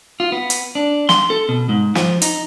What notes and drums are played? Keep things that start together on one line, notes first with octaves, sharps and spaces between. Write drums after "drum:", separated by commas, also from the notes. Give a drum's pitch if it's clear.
F4
B3
drum: hi-hat
D4
C6, drum: snare
A4
B2
G#2
F3, drum: snare
D#4, drum: hi-hat